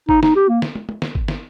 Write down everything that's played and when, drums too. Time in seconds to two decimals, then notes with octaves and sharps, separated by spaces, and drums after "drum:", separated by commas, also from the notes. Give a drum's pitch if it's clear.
0.09 D#4, drum: kick
0.23 D#4, drum: snare
0.36 G4
0.49 A#3
0.62 drum: snare
0.75 drum: tom
0.89 drum: tom
1.02 drum: snare
1.15 drum: kick
1.28 drum: snare